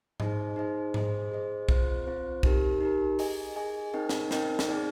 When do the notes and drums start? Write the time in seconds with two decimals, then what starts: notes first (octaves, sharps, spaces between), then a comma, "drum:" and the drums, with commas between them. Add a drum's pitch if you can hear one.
0.20 D#4 G#4 C5 D#5, drum: tom G#2
0.56 D#4 G#4 C5 D#5
0.94 G#4 C5 D#5, drum: tom G#2
1.32 G#4 C5 D#5
1.69 C4 F4 C5, drum: kick B1
2.07 C4 F4 C5
2.43 D#4 G4 A#4, drum: kick B1
2.81 D#4 G4 A#4
3.19 G#4 D#5 G#5, drum: open hi-hat
3.56 G#4 D#5 G#5
3.94 C4 D#4 A#4 D#5 G5
4.09 drum: snare
4.31 C4 D#4 A#4 D#5 G5, drum: snare
4.59 drum: snare
4.69 C4 D#4 G#4 D5